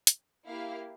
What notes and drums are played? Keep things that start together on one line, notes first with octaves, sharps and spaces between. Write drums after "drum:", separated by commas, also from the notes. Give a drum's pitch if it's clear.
drum: hi-hat
A#3 E4 G4 F5